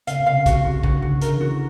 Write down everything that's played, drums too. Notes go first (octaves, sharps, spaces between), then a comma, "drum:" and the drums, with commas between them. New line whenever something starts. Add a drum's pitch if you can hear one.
C#3 F5, drum: hi-hat
C3
F5
C#3
F#4, drum: kick B1, hi-hat
F#4
C#3 F#4, drum: kick B1
D3
F#4
C#3
D3 A#4, drum: hi-hat
E3
F#4